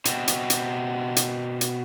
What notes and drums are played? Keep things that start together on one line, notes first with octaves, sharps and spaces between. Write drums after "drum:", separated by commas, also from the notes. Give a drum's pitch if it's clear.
B2 C4, drum: hi-hat
drum: hi-hat
drum: hi-hat
drum: hi-hat
drum: hi-hat